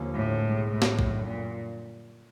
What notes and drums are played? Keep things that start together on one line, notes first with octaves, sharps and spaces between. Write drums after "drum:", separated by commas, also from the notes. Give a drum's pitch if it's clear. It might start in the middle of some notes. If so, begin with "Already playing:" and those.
Already playing: D#2 D3 F3 A#3 C#4
A2
C2 B2 G#3
A2
drum: snare
F#2 D3 G3, drum: kick
A#2